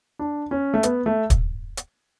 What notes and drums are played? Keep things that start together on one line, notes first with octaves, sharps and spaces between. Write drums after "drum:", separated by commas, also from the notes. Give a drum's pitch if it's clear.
D4
C#4
A3
B3, drum: hi-hat
A3
drum: kick, hi-hat
drum: hi-hat